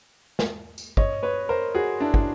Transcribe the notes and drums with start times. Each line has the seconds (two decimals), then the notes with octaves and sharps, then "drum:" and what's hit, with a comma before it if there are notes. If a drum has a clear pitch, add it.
0.39 drum: snare
0.78 drum: tambourine
0.97 C#5 D#5, drum: kick
1.23 B4 C#5
1.49 A#4 C5
1.75 F#4 G#4
2.00 D4 E4
2.14 drum: kick